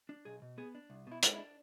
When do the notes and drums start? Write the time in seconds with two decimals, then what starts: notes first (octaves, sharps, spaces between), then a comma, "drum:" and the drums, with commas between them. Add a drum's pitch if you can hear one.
0.09 D4
0.25 B1 G#4
0.42 B2
0.58 B3 G#4
0.75 D4
0.90 C2
1.07 B2 E4
1.23 G#3, drum: hi-hat
1.33 E4
1.38 D4